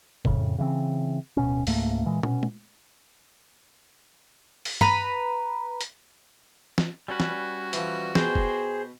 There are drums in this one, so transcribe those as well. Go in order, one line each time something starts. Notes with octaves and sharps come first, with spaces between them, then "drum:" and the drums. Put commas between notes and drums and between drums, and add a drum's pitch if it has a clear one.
F2 A2 C#3, drum: kick
C#3 E3 F#3 C4
D1 B2 C#4
C#2 G#2 A3 A#3, drum: open hi-hat
A#2 E3 G#3
B2 C#4, drum: tom
drum: tom
drum: open hi-hat
B4 A#5 B5, drum: tom
drum: hi-hat
drum: snare
G3 C#4 F#4 B4
drum: snare
E3 F3, drum: hi-hat
B2 G#4 C5 G5, drum: snare
drum: kick